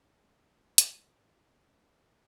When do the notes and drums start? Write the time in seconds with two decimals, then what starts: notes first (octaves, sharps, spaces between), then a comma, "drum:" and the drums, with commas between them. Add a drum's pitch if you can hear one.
0.05 F#4 D5
0.78 drum: hi-hat